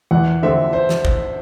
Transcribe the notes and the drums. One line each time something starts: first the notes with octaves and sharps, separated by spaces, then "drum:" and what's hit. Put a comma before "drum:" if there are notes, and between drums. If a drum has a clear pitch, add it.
E2 F#5
D3 A3 C4 E5
C5
drum: snare
drum: kick A1